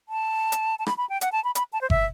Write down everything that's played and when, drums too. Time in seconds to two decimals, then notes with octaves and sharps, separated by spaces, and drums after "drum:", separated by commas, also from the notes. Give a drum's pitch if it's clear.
0.09 A5
0.52 drum: hi-hat
0.79 A5
0.86 B5, drum: rim click
0.97 B5
1.09 G5
1.21 F#5, drum: hi-hat
1.32 A5
1.44 B5
1.55 B5, drum: hi-hat
1.73 A5
1.81 C5
1.90 E5, drum: kick G1